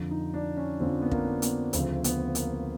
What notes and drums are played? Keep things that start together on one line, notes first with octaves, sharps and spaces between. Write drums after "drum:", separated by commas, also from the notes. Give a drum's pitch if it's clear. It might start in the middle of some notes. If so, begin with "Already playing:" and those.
Already playing: F2 D3 F3
D#4
D4
C#4
F2 D3 F3 C4
B3
A#3, drum: kick
B3, drum: hi-hat
D2 C#3 F3 C4, drum: hi-hat
B3, drum: hi-hat
A#3, drum: hi-hat